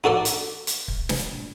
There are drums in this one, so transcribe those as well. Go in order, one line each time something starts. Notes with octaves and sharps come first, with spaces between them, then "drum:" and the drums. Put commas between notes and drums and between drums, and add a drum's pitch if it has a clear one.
D#4 F#4 A4 D5
drum: hi-hat
drum: hi-hat
drum: kick
drum: snare